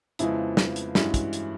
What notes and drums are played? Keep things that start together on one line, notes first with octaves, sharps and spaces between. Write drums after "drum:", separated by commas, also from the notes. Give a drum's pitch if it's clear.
F2 C#3 F3 G#3 B3 E4, drum: hi-hat
drum: snare
drum: hi-hat
G2 E3 G#3 C#4 E4 F#4, drum: snare
drum: kick, hi-hat
drum: hi-hat